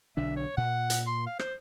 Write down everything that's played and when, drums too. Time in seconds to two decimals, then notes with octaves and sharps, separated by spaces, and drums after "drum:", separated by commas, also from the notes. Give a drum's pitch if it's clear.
0.17 B1 D3 D4 E5
0.37 C#5
0.57 A#2 F#5
0.90 drum: hi-hat
1.07 C6
1.27 F5
1.39 C5, drum: rim click